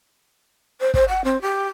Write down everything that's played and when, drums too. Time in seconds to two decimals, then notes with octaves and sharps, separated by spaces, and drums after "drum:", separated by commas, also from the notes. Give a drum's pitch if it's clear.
0.80 C5
0.94 C5, drum: kick
1.08 F#5
1.24 C4
1.42 G4